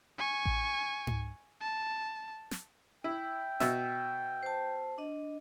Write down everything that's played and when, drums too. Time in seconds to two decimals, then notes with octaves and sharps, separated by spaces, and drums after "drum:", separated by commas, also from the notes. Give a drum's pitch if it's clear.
0.18 G#5 C#6
0.45 drum: kick A1
1.07 drum: tom G#2
1.61 A5
2.51 drum: snare
3.04 E4 G5
3.60 B2 E5, drum: snare
4.43 C5 A5
4.98 D4 D#5